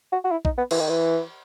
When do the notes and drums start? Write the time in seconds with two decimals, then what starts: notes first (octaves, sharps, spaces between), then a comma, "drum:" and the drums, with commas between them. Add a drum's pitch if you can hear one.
0.12 F#4
0.24 F#4
0.31 E4
0.45 D#4, drum: kick
0.58 B3
0.71 E3, drum: cymbal
0.80 D#3
0.89 E3